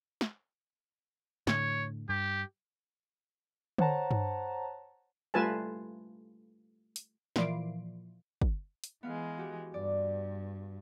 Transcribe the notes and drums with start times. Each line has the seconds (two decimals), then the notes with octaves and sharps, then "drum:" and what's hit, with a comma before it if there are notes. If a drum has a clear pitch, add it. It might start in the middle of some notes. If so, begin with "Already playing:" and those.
0.21 drum: snare
1.47 A2 D3 C#5, drum: snare
2.09 G2 G4
3.78 C5 C#5 F#5 A5 A#5, drum: tom D3
4.11 drum: tom G2
5.34 G3 A3 F4 B4 G#5 A5
6.96 drum: hi-hat
7.36 A#2 E3 F3 D5 C7 D7, drum: snare
8.42 drum: kick
8.84 drum: hi-hat
9.03 E3 G#3 B3 F5
9.38 F#4 G4
9.74 G2 D5